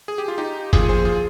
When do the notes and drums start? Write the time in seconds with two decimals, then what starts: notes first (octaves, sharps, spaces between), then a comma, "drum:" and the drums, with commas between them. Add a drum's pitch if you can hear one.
0.08 G#4
0.18 G4
0.28 F4
0.38 D#4 G4
0.73 A#2 F3 F4 G#4, drum: kick, hi-hat
0.89 G#4 C5
1.05 F4 G#4